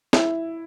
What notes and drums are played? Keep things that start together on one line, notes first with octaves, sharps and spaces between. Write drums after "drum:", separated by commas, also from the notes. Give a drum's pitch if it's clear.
E4, drum: snare